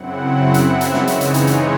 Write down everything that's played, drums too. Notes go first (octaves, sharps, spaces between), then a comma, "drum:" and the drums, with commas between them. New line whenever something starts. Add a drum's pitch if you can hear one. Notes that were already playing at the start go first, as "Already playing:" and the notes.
Already playing: F#2 C#3 F#3 C4 E4 F#5
E5
drum: hi-hat
drum: hi-hat
C#3 E3 G#3 D#4 C#5, drum: snare
drum: hi-hat
drum: hi-hat
drum: hi-hat
C5, drum: hi-hat